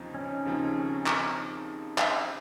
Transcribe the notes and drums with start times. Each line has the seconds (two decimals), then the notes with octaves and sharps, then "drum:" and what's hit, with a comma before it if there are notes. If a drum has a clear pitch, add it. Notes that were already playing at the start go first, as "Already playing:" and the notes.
Already playing: D#2 C#3 F3 C4 D#4
0.14 C#4
0.45 D#2 C#3 F3 C4 D#4
1.06 drum: clap
1.98 drum: clap